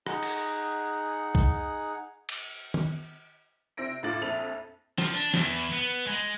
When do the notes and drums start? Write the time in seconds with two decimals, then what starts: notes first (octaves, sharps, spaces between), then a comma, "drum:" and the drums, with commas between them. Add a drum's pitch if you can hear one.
0.07 D#4 G#4 F#5, drum: rim click
0.23 drum: cymbal
1.35 drum: kick B1
2.29 drum: cymbal
2.74 drum: tom D#3
3.77 C3 C4 E6 A#6 D7
4.03 A2 D3 F4 D6 A6 F#7
4.21 A#1 F2 E4 A4 F7
4.98 F3, drum: snare
5.14 D4
5.34 E2, drum: snare
5.72 B3
6.07 G#3